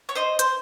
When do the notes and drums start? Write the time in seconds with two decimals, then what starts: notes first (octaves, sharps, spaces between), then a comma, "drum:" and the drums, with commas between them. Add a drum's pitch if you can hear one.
0.09 C#5
0.15 C5 D#5
0.39 C5, drum: hi-hat